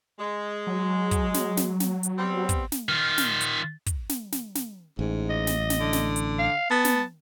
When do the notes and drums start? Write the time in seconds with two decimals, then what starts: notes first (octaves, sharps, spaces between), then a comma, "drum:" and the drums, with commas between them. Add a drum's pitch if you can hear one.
0.19 G#3
0.67 F#3
1.11 drum: kick, hi-hat
1.34 drum: snare
1.57 drum: snare
1.80 drum: snare
2.03 drum: hi-hat
2.18 G3 B3 C4
2.49 drum: kick, hi-hat
2.72 drum: snare
2.89 D#3 F4
3.18 drum: snare
3.41 drum: hi-hat
3.87 drum: kick, hi-hat
4.09 drum: snare
4.32 drum: snare
4.55 drum: snare
4.99 A1 G#2
5.30 D#5
5.47 drum: snare
5.70 drum: snare
5.80 D3
5.93 drum: snare
6.16 drum: hi-hat
6.39 F5
6.71 B3 A5
6.85 drum: snare